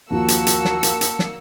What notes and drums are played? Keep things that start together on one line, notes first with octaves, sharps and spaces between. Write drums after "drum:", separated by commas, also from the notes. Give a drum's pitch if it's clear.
D#2 F3 A#3 F#4 A5 E6 C#7
drum: hi-hat
drum: hi-hat
drum: snare
drum: hi-hat
drum: hi-hat
drum: snare